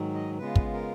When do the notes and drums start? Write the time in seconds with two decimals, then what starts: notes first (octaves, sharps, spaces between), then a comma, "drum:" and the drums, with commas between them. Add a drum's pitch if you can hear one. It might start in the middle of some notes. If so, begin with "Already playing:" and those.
Already playing: G#2 D#3 F#3
0.14 D#5
0.38 C#3 G#3 B3 F4 B4
0.56 drum: kick
0.73 A#4